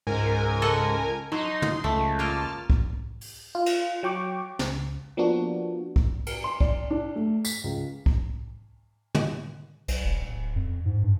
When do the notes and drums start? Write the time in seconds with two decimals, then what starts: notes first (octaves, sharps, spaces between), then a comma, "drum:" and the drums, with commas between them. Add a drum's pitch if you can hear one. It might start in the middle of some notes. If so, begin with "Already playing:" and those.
0.07 C#2 G#2 A#4 G#5
0.62 A4 D#5 F#5
1.32 F#3 D#4 C6
1.62 drum: tom
1.84 C#2 A3
2.19 A#3 F4 A5 F6
2.70 drum: kick
3.21 drum: open hi-hat
3.55 F4
3.66 drum: cymbal
4.03 F#3 G5 C#6 D6
4.59 C#2, drum: snare
5.17 F3 A#3 B3 D4 F#4
5.96 drum: kick
6.26 drum: cymbal
6.44 C6
6.61 D5, drum: kick
6.90 D4
7.16 A3
7.45 B6, drum: tambourine
7.64 C#2
8.06 drum: kick
9.15 drum: tom
9.88 B1, drum: cymbal
10.05 E1
10.21 D1
10.56 F2
10.85 G#2
11.03 G2